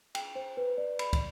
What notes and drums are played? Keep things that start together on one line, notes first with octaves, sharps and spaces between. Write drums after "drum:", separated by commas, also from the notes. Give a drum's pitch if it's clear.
G5, drum: cymbal
C5
B4
D5
B5, drum: cymbal
drum: kick, cymbal